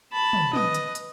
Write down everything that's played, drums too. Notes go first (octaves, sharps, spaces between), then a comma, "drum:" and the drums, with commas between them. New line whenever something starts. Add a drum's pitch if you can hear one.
A5 B5
drum: tom
B4 D#5, drum: tom
drum: hi-hat
drum: hi-hat